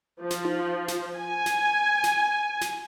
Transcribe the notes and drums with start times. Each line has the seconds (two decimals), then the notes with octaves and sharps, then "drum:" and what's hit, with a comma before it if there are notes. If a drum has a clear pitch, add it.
0.21 F3
0.30 drum: snare
0.45 drum: tom D#4
0.88 drum: snare
1.17 G#5
1.46 drum: snare
2.04 drum: snare
2.61 drum: snare